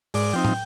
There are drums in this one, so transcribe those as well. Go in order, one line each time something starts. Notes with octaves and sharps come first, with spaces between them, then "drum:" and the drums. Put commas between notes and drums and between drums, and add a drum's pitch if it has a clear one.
G#2 D5, drum: open hi-hat
F3 C4 D#4 G5
drum: tom